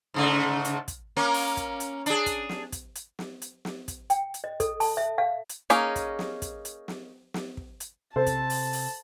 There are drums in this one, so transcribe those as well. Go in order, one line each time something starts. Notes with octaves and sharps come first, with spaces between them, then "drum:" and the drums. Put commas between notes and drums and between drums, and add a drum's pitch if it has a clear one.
G#2 C#3 A3
drum: hi-hat
drum: kick, hi-hat
A#3 C#4 A#4
drum: open hi-hat
drum: kick, hi-hat
drum: hi-hat
D4 G#4, drum: hi-hat
drum: kick, hi-hat
drum: snare
drum: kick, hi-hat
drum: hi-hat
drum: snare
drum: hi-hat
drum: snare
drum: kick, hi-hat
G5, drum: hi-hat
drum: hi-hat
D#5
A4, drum: kick, hi-hat
A5, drum: open hi-hat
E5
F5
drum: hi-hat
A#3 C#4 D#4 G#4, drum: hi-hat
drum: kick, hi-hat
drum: snare
drum: kick, hi-hat
drum: hi-hat
drum: snare
drum: snare
drum: kick
drum: hi-hat
C3 A4 C5 A5
drum: kick, hi-hat
drum: open hi-hat
drum: open hi-hat